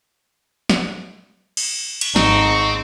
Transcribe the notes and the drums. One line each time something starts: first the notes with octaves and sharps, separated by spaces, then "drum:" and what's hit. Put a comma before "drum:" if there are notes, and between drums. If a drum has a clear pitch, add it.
drum: snare
drum: cymbal
drum: cymbal
G#1 C4 D#4 C#6, drum: snare